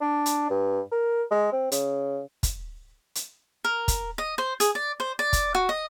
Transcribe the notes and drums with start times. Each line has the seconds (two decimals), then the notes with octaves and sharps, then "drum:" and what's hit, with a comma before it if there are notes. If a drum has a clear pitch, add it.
0.01 D4
0.26 drum: hi-hat
0.50 G2
0.92 A#4
1.31 G#3
1.52 C4
1.72 C#3, drum: hi-hat
2.43 drum: kick, hi-hat
3.15 drum: hi-hat
3.64 A#4
3.88 drum: kick, hi-hat
4.18 D#5
4.38 C5
4.60 G#4, drum: hi-hat
4.75 D5
5.00 C5
5.19 D5
5.33 drum: kick, hi-hat
5.55 F#4
5.69 D#5